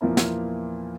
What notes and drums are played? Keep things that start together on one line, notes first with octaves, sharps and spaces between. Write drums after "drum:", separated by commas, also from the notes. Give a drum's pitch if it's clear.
E2 A#2 F3 A#3 E4
drum: snare